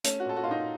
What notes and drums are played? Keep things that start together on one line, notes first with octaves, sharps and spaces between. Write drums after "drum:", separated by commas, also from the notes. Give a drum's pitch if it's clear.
A3 C#4, drum: hi-hat
F#4
A#2 A4
F#4
A#2 F4
D#4